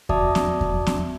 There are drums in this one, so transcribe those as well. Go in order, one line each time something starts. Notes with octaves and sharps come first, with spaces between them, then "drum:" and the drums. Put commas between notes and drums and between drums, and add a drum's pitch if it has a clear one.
F#4 D5 E5 A5 D6 D#6, drum: kick E2
drum: snare
drum: kick E2
drum: snare